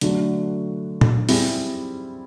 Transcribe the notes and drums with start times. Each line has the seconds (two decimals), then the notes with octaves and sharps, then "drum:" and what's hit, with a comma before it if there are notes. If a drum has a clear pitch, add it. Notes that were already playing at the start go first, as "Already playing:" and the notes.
0.01 D3 F#3 A3 D4 F#4, drum: hi-hat
1.01 drum: tom A#2
1.29 G3 C4 E4 G#4, drum: open hi-hat